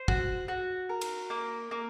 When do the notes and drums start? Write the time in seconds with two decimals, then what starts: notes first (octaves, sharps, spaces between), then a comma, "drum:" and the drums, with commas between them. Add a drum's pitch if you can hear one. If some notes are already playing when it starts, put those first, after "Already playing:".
Already playing: C5
0.08 F#4, drum: kick
0.48 F#4
0.89 A#4
1.01 drum: cymbal
1.30 A#3
1.71 A#3